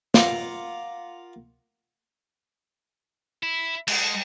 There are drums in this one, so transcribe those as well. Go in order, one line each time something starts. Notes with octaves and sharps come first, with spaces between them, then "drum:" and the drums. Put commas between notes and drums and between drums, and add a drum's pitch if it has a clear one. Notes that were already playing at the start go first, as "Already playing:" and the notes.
F4 A#4 F#5 D6, drum: snare
E4
G#3, drum: cymbal